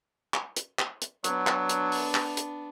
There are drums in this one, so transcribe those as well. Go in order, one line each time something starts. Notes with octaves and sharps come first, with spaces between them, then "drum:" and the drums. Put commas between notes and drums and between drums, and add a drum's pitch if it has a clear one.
drum: clap
drum: hi-hat
drum: clap
drum: hi-hat
F#3 B3 D4, drum: hi-hat
drum: clap
drum: hi-hat
drum: open hi-hat
drum: clap
drum: hi-hat